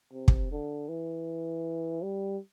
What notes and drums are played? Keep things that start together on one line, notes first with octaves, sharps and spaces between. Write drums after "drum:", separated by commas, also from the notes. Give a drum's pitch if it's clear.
C3
drum: kick
D3
E3
G3